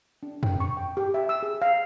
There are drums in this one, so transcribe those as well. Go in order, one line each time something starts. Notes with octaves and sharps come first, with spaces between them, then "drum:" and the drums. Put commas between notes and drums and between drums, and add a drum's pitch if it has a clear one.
D4
G5, drum: tom F2
C#6
G5
G4
E5
E6
G#4
F5